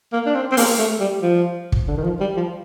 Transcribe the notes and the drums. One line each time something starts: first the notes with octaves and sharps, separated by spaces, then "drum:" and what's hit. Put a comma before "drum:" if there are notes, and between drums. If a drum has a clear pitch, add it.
A#3
D4
C4
C4
A#3, drum: open hi-hat
A3
G3
F3
drum: kick
D3
D#3
F3
G3
F3